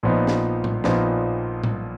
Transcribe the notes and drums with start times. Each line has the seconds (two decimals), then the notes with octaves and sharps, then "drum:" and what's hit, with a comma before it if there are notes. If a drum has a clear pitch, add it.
0.03 A#1 A#2 F3 B3 D#4
0.27 drum: snare
0.64 drum: tom A2
0.84 A#1 A#2 F3 B3 D#4, drum: snare
1.64 drum: tom A2